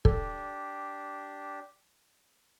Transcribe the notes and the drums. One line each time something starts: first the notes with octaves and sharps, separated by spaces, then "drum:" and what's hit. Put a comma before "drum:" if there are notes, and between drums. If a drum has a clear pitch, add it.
D4 G4 A4, drum: kick